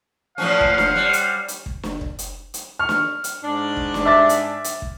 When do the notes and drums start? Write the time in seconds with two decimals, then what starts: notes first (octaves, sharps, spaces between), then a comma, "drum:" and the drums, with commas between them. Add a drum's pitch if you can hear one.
0.38 A2 F3 C#4 C5 F5 F#5
0.61 drum: kick
0.78 drum: snare
0.96 G3
1.13 drum: hi-hat
1.48 drum: hi-hat
1.66 drum: kick
1.83 drum: snare
2.01 drum: kick
2.19 drum: hi-hat
2.54 drum: hi-hat
2.79 C#6 F6
2.89 drum: snare
3.24 drum: hi-hat
3.42 G#2 D4
3.77 drum: kick
3.94 drum: snare
4.05 E5 D6 A6
4.29 drum: hi-hat
4.64 drum: hi-hat
4.82 drum: kick